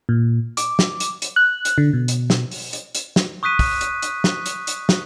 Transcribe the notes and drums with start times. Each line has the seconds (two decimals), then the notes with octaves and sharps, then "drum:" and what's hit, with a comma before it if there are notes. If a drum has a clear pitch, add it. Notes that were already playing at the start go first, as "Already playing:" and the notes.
0.09 A#2
0.57 D6, drum: hi-hat
0.79 drum: snare
1.00 drum: hi-hat
1.22 drum: hi-hat
1.36 F#6
1.65 drum: hi-hat
1.78 D3
1.93 B2
2.08 drum: hi-hat
2.30 drum: snare
2.51 drum: open hi-hat
2.73 drum: hi-hat
2.95 drum: hi-hat
3.16 drum: snare
3.43 C#6 D#6 F#6 B6 D#7
3.59 drum: kick, open hi-hat
3.81 drum: hi-hat
4.02 drum: hi-hat
4.24 drum: snare
4.46 drum: hi-hat
4.67 drum: hi-hat
4.89 drum: snare